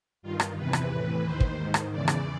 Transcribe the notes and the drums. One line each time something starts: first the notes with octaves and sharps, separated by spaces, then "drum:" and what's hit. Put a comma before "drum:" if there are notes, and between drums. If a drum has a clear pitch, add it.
G2 D#3 F4
drum: rim click
E2 C3 E3 B4
drum: rim click
A2 E3 B4
D#2 D#3 C5
drum: kick
G#2 D#3
drum: rim click
E2 C#3 E3 D5
drum: rim click